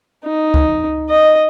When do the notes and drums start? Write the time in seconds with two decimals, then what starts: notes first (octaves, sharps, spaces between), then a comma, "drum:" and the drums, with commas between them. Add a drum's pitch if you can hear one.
0.25 D#4
0.54 drum: kick C#2
1.10 D#5